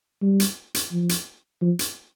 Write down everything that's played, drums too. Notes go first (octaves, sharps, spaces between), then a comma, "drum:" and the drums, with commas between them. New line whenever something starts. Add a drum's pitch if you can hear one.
G3
drum: hi-hat
drum: hi-hat
F3
drum: hi-hat
F3
drum: hi-hat